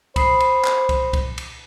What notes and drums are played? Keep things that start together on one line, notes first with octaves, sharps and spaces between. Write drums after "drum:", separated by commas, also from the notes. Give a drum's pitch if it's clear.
C5 B5 D#6 C7, drum: kick C2, cymbal
drum: cymbal
drum: clap
drum: kick C2, cymbal
drum: kick C2, cymbal
drum: cymbal